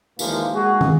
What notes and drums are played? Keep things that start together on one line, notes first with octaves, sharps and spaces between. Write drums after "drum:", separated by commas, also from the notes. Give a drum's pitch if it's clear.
D#2 A#2 E3 F3 G#3 A#3, drum: tambourine
G#3 A#3 D#4 F#4 G#4
drum: tom